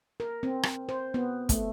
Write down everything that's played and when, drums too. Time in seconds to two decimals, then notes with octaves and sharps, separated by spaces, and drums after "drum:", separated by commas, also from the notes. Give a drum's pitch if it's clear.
0.20 A#4
0.43 C4
0.63 drum: rim click
0.89 C5
1.14 B3
1.49 A3, drum: kick, hi-hat